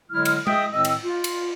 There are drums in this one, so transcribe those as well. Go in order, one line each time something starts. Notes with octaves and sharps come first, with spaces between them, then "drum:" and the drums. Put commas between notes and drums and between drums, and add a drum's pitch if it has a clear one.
D3 F#3 G#3 E4 F6
drum: cymbal
G#4 D#5 E5 G5 D#6, drum: tom G#3
A2 D#3 C4 D#5 E6
drum: cymbal
F4
drum: cymbal